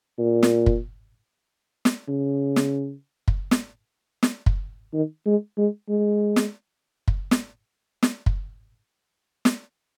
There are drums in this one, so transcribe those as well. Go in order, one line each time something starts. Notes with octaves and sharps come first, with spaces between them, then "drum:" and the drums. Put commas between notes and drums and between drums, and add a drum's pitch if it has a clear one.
A#2
drum: snare
drum: kick
drum: snare
C#3
drum: snare
drum: kick
drum: snare
drum: snare
drum: kick
D#3
G#3
G#3
G#3
drum: snare
drum: kick
drum: snare
drum: snare
drum: kick
drum: snare